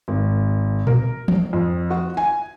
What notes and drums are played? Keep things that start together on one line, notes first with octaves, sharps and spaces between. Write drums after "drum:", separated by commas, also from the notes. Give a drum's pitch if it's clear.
G#1
A#4, drum: tom A#2
drum: tom
F2
F#4
G#5